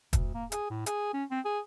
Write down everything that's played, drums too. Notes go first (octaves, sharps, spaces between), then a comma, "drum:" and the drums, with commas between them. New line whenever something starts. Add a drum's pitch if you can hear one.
D2, drum: kick, hi-hat
A#3
G#4, drum: hi-hat
A2
G#4, drum: hi-hat
C#4
C4
G#4